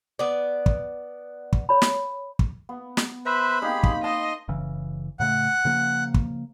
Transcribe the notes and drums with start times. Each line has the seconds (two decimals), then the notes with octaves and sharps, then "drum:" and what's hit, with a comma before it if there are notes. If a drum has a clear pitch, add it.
0.19 B3 D5
0.66 drum: kick
1.53 drum: kick
1.69 C#5 B5
1.82 drum: snare
2.39 drum: kick
2.69 B3
2.97 drum: snare
3.26 B4 C5 E5 B5
3.62 A#3 C4 D#4 G4 G#4
3.84 drum: kick
4.04 D#5 A5 C6
4.48 F#1 C#3 E3
5.20 A2 C#3 A3 F#5
5.65 C#3 F3 A#3
6.15 drum: kick